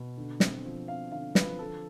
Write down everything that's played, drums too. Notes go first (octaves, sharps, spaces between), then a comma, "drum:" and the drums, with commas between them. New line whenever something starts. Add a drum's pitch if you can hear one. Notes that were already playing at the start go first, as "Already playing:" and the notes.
Already playing: B2
D3
C4, drum: snare
F3
C4 F5
D3 F5
F3 B4, drum: snare
D3 A4